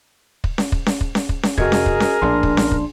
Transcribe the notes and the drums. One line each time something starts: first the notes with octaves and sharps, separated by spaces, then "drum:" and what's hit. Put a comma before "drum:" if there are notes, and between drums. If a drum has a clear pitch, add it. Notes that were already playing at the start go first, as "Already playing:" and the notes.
drum: kick
drum: snare C#4
drum: kick
drum: snare C#4
drum: kick
drum: snare C#4
drum: kick
drum: snare C#4
F2 C3 F#4 G#4 A#4 D#5 G#6, drum: kick
drum: snare C#4
drum: kick
drum: snare C#4
A#1 A2 D4 C6
drum: kick
drum: snare C#4
drum: kick